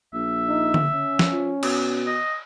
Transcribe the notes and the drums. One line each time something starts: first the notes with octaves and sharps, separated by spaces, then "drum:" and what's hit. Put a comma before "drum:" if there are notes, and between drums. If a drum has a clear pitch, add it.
A#1 E5
D#4
drum: tom D3
C#4
drum: snare
F3
B2, drum: cymbal
D#5